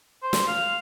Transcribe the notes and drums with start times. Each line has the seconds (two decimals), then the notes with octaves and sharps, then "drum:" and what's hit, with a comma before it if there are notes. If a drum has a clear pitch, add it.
0.23 C5
0.33 drum: snare
0.48 F5